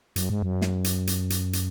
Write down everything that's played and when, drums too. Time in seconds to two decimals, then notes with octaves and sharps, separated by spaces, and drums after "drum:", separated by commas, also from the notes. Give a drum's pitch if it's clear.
0.16 F#2, drum: hi-hat
0.30 G#2
0.43 F#2
0.61 drum: snare
0.84 drum: hi-hat
1.07 drum: hi-hat
1.30 drum: hi-hat
1.53 drum: hi-hat